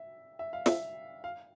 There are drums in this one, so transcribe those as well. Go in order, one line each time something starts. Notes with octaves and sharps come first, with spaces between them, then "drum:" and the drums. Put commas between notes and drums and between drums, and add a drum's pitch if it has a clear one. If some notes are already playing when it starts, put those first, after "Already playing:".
Already playing: E5
E5
F5
E5, drum: snare
F5